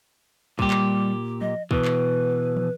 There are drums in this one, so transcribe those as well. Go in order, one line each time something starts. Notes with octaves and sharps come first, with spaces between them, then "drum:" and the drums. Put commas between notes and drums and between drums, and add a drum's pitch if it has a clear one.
A#2 G3 G4, drum: kick
drum: clap
D#5, drum: tom F3
B2 E3 B4, drum: kick
drum: clap
drum: tom